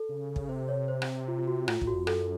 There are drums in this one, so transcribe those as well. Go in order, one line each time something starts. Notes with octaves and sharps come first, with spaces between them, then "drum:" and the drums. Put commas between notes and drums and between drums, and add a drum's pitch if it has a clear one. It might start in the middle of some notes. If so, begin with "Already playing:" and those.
Already playing: A4
C#3
drum: kick
C3 C5
C#5
C5
drum: rim click
F4
F4
F#4
A2 F4, drum: rim click
A2, drum: kick
F#4
F2
F#2 A4, drum: rim click